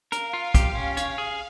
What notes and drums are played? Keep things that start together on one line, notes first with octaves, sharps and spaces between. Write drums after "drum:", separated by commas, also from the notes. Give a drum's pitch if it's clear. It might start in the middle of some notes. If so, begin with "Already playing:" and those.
A#4 F5, drum: hi-hat
F4
G4, drum: kick, hi-hat
C#4
C#5 F5, drum: hi-hat
G#4